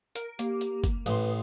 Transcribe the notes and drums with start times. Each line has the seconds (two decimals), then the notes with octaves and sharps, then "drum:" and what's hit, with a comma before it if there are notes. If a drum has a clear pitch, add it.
0.15 A#4, drum: hi-hat
0.39 A#3 G4, drum: hi-hat
0.61 drum: hi-hat
0.84 drum: kick, hi-hat
1.06 A1 B4 C6 D#6, drum: hi-hat